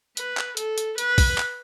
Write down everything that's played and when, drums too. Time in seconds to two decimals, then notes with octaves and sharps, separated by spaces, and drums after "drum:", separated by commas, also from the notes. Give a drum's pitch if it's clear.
0.17 B4, drum: hi-hat
0.37 drum: clap
0.57 A4, drum: hi-hat
0.78 drum: hi-hat
0.98 B4, drum: hi-hat
1.18 drum: kick, open hi-hat
1.38 drum: clap